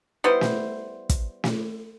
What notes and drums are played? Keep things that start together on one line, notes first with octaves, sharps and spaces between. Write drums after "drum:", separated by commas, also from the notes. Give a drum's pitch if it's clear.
G3 B3 E4 C5
drum: snare
drum: kick, hi-hat
drum: snare